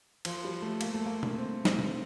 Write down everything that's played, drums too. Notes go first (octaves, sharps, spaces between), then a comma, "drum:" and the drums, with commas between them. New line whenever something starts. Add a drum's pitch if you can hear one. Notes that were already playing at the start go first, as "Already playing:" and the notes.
F3, drum: cymbal
G3
A3
A#3, drum: cymbal
A3
A#3
drum: tom B2
C4
C4, drum: snare
drum: tom B2